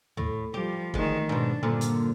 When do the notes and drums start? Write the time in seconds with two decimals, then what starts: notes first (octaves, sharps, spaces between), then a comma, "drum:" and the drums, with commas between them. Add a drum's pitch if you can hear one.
0.17 A2, drum: tom
0.54 F3 G3 G4
0.94 D2 D#3 G#3 A3, drum: kick
1.29 G#2 B2 D4
1.63 G2 A#2 D3 F3
1.81 drum: hi-hat